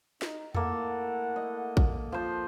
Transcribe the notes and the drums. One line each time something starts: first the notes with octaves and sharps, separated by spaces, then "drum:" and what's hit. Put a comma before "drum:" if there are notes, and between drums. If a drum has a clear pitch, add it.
D#4, drum: snare
A3 A#3 E4 A4 F#5, drum: tom E2
D#5
drum: kick A1
F3 C5